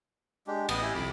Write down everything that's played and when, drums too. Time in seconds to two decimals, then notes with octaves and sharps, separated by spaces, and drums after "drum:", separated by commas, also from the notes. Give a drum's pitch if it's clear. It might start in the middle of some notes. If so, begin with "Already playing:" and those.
0.47 G#3 D4 G4
0.69 A1 B3 D#5 D#6, drum: cymbal
0.81 E4 G4 G#5
0.95 C2 F2 B5 D6